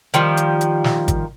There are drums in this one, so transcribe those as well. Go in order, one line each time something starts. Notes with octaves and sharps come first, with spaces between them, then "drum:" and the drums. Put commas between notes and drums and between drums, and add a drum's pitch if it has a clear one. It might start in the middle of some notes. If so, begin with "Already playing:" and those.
D#3 F3 G3, drum: hi-hat
drum: hi-hat
drum: hi-hat
drum: snare
drum: kick, hi-hat